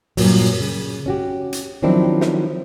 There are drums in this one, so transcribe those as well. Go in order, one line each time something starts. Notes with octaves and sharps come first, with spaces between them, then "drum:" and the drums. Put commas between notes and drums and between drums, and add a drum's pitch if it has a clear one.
G2 A#2 F#3, drum: open hi-hat
C#3
C#4 F#4 G4
drum: hi-hat
D#3 F3 F#3 C4 D4 E4
drum: snare